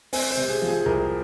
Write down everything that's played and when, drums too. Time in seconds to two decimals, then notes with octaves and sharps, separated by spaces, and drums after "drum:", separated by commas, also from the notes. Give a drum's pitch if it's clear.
0.13 C4 G#5, drum: open hi-hat
0.31 C5
0.37 C3
0.49 G#4
0.62 F3
0.68 G#4
0.81 G#4
0.86 C2 A#4